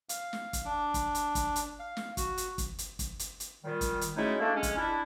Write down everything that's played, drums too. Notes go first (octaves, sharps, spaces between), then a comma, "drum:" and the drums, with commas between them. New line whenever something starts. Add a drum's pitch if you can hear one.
F5, drum: hi-hat
drum: snare
drum: kick, hi-hat
D4
drum: kick, hi-hat
drum: hi-hat
drum: kick, hi-hat
drum: hi-hat
F5
drum: snare
F#4, drum: kick, hi-hat
drum: hi-hat
drum: kick, hi-hat
drum: hi-hat
drum: kick, hi-hat
drum: hi-hat
drum: hi-hat
A#2 D#3 G3
drum: kick, hi-hat
drum: hi-hat
F#3 G#3 A3 C#4 D#4 E4
A3 A#3 D4
G#3 C#4
drum: kick, hi-hat
D4 E4